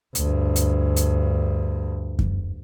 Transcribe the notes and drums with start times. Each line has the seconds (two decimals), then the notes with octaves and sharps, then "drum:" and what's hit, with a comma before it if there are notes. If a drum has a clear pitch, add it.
0.15 D2 G2, drum: hi-hat
0.56 drum: hi-hat
0.97 drum: hi-hat
2.19 drum: kick F#2